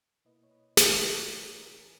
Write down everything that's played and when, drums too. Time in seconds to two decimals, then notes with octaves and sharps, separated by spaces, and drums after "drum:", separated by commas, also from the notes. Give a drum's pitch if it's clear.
0.25 B2 A#3 E4 B4 D#5
0.44 C#5
0.51 B4 D#5
0.77 drum: snare
1.03 G#4 B4
1.29 G#2 E3 B3 E4 A#4 C#5
1.42 A#4
1.50 G#4
1.55 A#4
1.69 G#4
1.81 G#4 B4